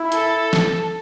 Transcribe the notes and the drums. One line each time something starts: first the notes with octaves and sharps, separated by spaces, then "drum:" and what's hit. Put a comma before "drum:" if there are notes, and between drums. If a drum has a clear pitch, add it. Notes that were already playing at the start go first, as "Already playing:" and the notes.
Already playing: E4
A4, drum: hi-hat
drum: snare